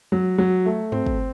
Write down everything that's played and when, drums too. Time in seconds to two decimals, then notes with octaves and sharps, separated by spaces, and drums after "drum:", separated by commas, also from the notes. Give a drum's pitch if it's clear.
0.12 F#3
0.38 F#3
0.66 A3
0.92 C4, drum: tom G2
1.06 drum: kick